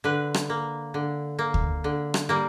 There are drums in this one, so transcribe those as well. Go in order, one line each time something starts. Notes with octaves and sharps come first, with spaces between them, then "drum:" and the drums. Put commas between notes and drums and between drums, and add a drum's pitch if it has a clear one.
D3 B4
drum: rim click
A#3
D3
A#3
drum: kick D2
D3
drum: rim click
G3 A#3